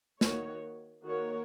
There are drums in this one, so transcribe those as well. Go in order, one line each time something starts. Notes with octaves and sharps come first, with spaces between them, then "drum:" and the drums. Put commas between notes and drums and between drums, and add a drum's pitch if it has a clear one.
D#3 A#3 F#4 C#5, drum: snare
D#3 A#3 F#4 A#4 C#5